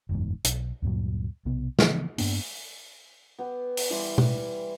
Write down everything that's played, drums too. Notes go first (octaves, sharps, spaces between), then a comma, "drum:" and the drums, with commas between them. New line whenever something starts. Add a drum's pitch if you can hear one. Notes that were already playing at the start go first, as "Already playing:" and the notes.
F#1 E2 G#2
B1, drum: hi-hat
D2 G2 A#2 F#3
B1 C3 B3
C#3 E3 F3 B3, drum: snare
G2 A#3 B3 D4, drum: open hi-hat
B3 G4
drum: open hi-hat
E3 G3 C6 D6
drum: tom